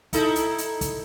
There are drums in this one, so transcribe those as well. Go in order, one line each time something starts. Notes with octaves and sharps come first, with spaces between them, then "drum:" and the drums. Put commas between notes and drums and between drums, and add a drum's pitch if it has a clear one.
D#4 E4 A4, drum: kick, hi-hat
drum: hi-hat
drum: hi-hat
drum: kick, hi-hat